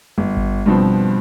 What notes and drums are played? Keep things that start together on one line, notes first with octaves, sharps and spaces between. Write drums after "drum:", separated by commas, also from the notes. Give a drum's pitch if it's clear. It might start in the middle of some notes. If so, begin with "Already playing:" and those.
G1
drum: kick G#1
G2 B2 F3 C4